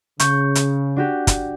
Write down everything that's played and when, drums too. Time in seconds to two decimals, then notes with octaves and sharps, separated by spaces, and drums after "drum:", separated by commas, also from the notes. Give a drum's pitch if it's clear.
0.20 C#3 C#6 G6, drum: hi-hat
0.55 drum: hi-hat
0.96 D4 F#4 G4
1.27 drum: kick, hi-hat